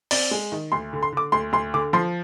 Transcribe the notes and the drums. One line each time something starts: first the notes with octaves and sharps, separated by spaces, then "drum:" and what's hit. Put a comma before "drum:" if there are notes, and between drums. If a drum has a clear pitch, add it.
C4 D5, drum: open hi-hat
G#3
D#3
D2 C6
D3
C6
D3 D6
D2 C6
D2 C6
D3 D6
F3 C6